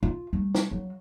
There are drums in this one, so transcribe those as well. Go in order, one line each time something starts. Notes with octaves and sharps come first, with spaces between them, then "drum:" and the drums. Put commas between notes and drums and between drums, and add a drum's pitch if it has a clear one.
F4
G3 A3
drum: snare
F#3